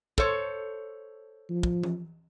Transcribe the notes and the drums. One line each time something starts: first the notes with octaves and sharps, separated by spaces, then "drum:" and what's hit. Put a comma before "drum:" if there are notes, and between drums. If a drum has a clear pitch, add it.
A4 C5 C#5, drum: kick
F3
drum: kick
drum: tom E3